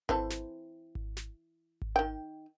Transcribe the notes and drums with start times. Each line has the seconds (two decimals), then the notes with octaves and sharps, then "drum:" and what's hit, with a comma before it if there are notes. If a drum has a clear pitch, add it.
0.09 E3 C4 A4, drum: kick G#1
0.31 drum: snare
0.95 drum: kick G#1
1.17 drum: snare
1.82 drum: kick G#1
1.96 D#3 G5